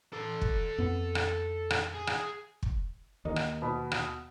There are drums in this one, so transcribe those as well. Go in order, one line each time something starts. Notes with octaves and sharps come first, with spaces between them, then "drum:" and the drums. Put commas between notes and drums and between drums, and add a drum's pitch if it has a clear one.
A4 C6
drum: kick
F2 B3
drum: rim click
drum: rim click
G#4
drum: rim click
drum: kick
D#2 A#4 D#5
drum: rim click
B2 B5
drum: rim click